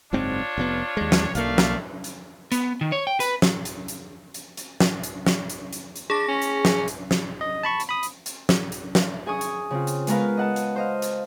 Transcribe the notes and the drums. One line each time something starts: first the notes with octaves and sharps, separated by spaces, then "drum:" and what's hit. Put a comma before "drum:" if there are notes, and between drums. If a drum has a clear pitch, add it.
F#1 G#2 C4 D4 F4 C#5
F1 B2 B3
D#2 G#3
drum: snare
B1 A3 A#3 D5 F5, drum: hi-hat
drum: snare
drum: hi-hat
B3, drum: hi-hat
D#3
C#5
G5
B4, drum: hi-hat
drum: snare
drum: hi-hat
drum: hi-hat
drum: hi-hat
drum: hi-hat
drum: snare
drum: hi-hat
drum: snare
drum: hi-hat
drum: hi-hat
drum: hi-hat
D4 G#4 A#6
C#4
drum: hi-hat
drum: snare
drum: hi-hat
drum: snare
D#5
A5 B5 C#6
drum: hi-hat
B5 D#6
drum: hi-hat
drum: hi-hat
drum: snare
drum: hi-hat
drum: snare
G#4 G#5 C#6 D#6
drum: hi-hat
C#3 C4 F4
drum: hi-hat
G#3 B3 C#4 A#4 B4 F5, drum: hi-hat
D#5 F#5 A5
drum: hi-hat
C5 D#5 F5
drum: hi-hat